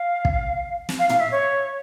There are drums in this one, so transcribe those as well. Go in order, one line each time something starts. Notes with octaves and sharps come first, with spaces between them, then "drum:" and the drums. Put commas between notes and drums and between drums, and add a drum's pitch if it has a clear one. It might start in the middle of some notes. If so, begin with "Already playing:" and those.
Already playing: F5
drum: kick
drum: snare
F5
F5, drum: tom
E5
C#5